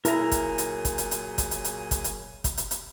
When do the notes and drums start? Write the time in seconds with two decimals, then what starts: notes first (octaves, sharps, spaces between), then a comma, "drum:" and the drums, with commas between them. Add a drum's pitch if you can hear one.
0.05 A#2 F#3 E4 G#4 A#4 A#5, drum: hi-hat
0.31 drum: kick, hi-hat
0.58 drum: hi-hat
0.85 drum: kick, hi-hat
0.98 drum: hi-hat
1.11 drum: hi-hat
1.38 drum: kick, hi-hat
1.51 drum: hi-hat
1.64 drum: hi-hat
1.91 drum: kick, hi-hat
2.04 drum: hi-hat
2.44 drum: kick, hi-hat
2.57 drum: hi-hat
2.71 drum: hi-hat